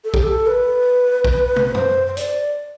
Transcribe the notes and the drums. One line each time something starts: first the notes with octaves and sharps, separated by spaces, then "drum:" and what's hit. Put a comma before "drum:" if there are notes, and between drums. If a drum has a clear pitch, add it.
A4
G4, drum: kick
A4
B4
drum: kick
drum: tom
C5, drum: tom
C5
D5, drum: hi-hat